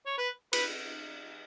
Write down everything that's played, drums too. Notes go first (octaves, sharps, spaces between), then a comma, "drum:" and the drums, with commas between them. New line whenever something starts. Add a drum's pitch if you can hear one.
C#5
B4
B4, drum: cymbal